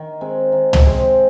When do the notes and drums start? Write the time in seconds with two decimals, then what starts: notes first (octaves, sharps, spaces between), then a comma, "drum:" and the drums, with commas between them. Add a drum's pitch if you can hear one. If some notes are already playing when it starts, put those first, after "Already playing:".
Already playing: D#3
0.21 G#3 C4
0.52 D#3
0.73 drum: tom
0.83 G#3 C4